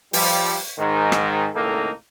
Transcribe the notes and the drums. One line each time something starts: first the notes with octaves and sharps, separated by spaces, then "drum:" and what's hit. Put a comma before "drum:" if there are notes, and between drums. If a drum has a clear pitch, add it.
F3 G3, drum: open hi-hat
G#2 D#3
drum: rim click
G#1 C#2 A2 A#3 D#4 A4